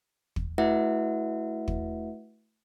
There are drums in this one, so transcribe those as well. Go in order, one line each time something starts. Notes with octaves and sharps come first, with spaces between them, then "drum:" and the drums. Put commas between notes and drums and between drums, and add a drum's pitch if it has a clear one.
drum: kick
A3 E4 F#4 B4 E5 F#5
drum: kick